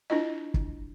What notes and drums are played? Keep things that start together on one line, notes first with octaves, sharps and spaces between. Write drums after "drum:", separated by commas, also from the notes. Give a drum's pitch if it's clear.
D4 E4 F4 D#5
drum: kick